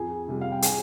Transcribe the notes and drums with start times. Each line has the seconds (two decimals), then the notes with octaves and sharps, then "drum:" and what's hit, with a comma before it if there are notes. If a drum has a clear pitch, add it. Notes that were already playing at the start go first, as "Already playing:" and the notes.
Already playing: F2 G#4 G#5
0.28 C3 G3
0.41 F5
0.52 G5
0.62 G#4 G#5, drum: hi-hat